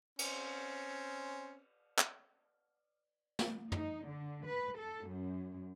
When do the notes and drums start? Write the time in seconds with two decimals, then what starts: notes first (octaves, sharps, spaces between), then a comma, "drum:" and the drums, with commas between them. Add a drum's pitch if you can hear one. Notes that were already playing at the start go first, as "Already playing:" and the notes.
0.19 C4 C#4, drum: cymbal
1.99 drum: clap
3.39 drum: snare
3.72 D#4, drum: tom
4.06 D3
4.46 B4
4.76 A4
5.08 F#2